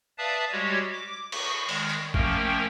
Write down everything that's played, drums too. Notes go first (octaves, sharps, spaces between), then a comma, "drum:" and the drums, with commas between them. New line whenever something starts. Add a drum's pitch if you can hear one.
B4 D5 E5 F5 A5 D#6
G3 G#3 F#4 G4 C#5
D6
C#6, drum: cymbal
D#3 G#3, drum: open hi-hat
drum: tambourine
F3 A3 A#3 C#4 A#4 G5, drum: kick